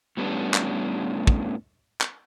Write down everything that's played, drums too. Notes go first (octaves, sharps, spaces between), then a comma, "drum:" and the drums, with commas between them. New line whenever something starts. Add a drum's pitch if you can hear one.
A2 G3 B3 C#4 D4
drum: clap
drum: kick
drum: clap